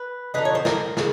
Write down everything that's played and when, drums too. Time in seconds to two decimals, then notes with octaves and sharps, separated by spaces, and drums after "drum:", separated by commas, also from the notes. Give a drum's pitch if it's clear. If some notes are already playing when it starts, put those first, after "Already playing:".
Already playing: B4
0.34 D3 F3 A#3 D#4 B4
0.45 C#5
0.55 C5
0.65 A#4, drum: snare
0.97 C#3, drum: snare